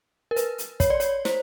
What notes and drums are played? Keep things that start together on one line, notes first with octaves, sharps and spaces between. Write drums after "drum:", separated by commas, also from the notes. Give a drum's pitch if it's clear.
A#4
B4, drum: hi-hat
drum: hi-hat
C#5, drum: kick, hi-hat
D5
C#5, drum: hi-hat
C5, drum: snare